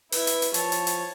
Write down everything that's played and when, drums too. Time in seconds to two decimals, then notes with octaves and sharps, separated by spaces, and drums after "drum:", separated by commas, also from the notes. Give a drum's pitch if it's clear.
0.12 E4 B4 E5, drum: open hi-hat
0.27 drum: hi-hat
0.42 drum: hi-hat
0.54 F3 C#5 A5, drum: hi-hat
0.72 drum: hi-hat
0.87 drum: hi-hat